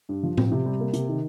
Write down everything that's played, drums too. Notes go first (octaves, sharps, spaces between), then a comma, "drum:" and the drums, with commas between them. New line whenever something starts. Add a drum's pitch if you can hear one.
G2
F3
C4, drum: tom A2
C3
G3
A#3
C3, drum: hi-hat
D#3